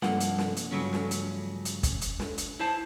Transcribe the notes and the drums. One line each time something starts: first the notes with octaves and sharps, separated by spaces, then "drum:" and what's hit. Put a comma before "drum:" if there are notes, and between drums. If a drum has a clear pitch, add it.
C2 G2 F3 A#3 F#5, drum: snare
drum: hi-hat
drum: snare
drum: hi-hat
G2 C#3 F3 F#3 A3 C#4
drum: snare
drum: hi-hat
drum: hi-hat
drum: kick, hi-hat
drum: hi-hat
drum: snare
drum: hi-hat
E4 C5 A5